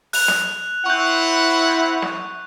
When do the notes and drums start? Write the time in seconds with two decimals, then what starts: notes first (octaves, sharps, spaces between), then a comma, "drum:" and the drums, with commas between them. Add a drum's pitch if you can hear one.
0.13 F#6 F7, drum: open hi-hat
0.28 drum: snare
0.86 C4 E4 F#5 C#6 G6
2.02 drum: snare